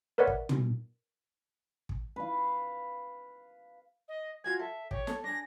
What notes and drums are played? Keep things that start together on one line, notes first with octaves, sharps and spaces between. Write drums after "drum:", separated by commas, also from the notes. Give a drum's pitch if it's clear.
A#4 B4 C#5 D5 E5 F#5
drum: kick
drum: tom
drum: kick
B4 F5
D#5
F4 F#4 G#4 G#6
A4 E5
G4 C#5, drum: kick
A4, drum: snare
D4 G#4 A#6